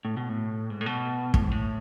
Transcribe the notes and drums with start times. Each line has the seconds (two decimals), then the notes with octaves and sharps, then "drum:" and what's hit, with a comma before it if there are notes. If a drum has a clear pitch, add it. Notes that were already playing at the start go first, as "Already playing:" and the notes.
0.05 A2
0.17 B2
0.29 A2
0.70 G#2
0.81 A2
0.86 B2
1.34 A2, drum: kick
1.43 G#2
1.51 A2